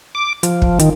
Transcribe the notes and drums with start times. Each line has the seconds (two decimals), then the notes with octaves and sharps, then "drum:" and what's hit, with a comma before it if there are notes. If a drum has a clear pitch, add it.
0.15 D6
0.43 F3, drum: hi-hat
0.62 drum: kick
0.79 D#3, drum: hi-hat